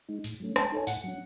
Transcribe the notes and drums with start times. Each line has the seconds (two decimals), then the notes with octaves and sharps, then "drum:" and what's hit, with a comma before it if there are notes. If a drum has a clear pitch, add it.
0.08 G#3 D#4
0.24 A2, drum: open hi-hat
0.40 F#3 A3 C#4
0.56 G#3 A5, drum: rim click
0.66 A5
0.72 D#4 A4 C#5 G#5
0.87 A2 F#5, drum: open hi-hat
1.04 F#3 C#4